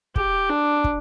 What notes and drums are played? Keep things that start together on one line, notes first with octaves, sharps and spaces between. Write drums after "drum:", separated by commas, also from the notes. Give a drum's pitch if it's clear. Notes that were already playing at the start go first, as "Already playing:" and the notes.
G4, drum: kick
D4
drum: kick